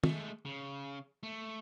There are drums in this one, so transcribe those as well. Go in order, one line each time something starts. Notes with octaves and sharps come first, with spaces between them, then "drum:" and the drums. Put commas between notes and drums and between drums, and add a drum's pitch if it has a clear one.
G#3 A3, drum: tom
C#3
A3